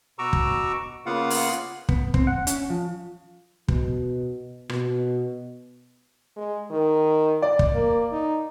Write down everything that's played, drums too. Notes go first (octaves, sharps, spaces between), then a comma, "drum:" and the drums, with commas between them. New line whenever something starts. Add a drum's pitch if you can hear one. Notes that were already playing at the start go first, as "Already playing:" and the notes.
B2 F#4 A#5 C#6 D6 E6
drum: kick
C#3 A#3 B3 F4 F5 F#5
drum: open hi-hat
B3, drum: kick
C4, drum: kick
F#5
C#4, drum: hi-hat
F3
B2, drum: kick
B2, drum: rim click
G#3
D#3
D5
drum: kick
A#3
D#4